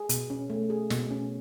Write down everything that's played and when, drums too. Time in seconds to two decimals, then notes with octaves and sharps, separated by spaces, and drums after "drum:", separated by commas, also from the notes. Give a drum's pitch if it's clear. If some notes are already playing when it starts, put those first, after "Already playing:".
Already playing: G#4
0.09 B2, drum: hi-hat
0.30 C#4
0.50 A3
0.70 G#4
0.90 B2, drum: snare
1.11 C#4